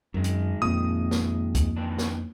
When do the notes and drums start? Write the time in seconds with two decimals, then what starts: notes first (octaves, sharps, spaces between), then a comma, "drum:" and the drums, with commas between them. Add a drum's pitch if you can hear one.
0.14 F#2 D#3 G#3
0.24 drum: hi-hat
0.62 F2 A#2 D#6
1.11 drum: snare
1.55 drum: kick, hi-hat
1.77 D#3 E3 D4
1.98 drum: snare